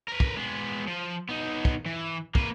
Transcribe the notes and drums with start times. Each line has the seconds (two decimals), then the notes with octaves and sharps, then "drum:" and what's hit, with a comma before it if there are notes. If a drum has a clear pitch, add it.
0.08 A#4 B4
0.20 drum: kick
0.37 G#3 B3
0.88 F3
1.29 B3 D#4
1.65 drum: kick
1.86 E3
2.35 A#3 B4, drum: kick